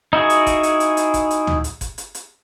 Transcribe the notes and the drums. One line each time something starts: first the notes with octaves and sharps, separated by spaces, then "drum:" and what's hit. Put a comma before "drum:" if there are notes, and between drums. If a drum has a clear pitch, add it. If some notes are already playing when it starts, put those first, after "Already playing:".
D#4 E4 F#4 G#4
drum: hi-hat
drum: kick F#1, hi-hat
drum: hi-hat
drum: hi-hat
drum: hi-hat
drum: kick F#1, hi-hat
drum: hi-hat
drum: tom D2
drum: hi-hat
drum: kick F#1, hi-hat
drum: hi-hat
drum: hi-hat